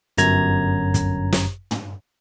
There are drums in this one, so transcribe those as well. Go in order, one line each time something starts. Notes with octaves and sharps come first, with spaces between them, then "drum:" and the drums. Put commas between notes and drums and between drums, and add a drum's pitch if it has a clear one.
G1 F#2 A#5 G#6, drum: hi-hat
drum: kick, hi-hat
drum: snare
drum: tom